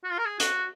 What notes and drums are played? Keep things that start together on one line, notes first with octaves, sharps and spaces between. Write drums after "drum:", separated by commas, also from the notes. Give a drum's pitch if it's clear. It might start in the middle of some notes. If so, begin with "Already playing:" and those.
F#4
F4
A#4
G#4
F#4, drum: hi-hat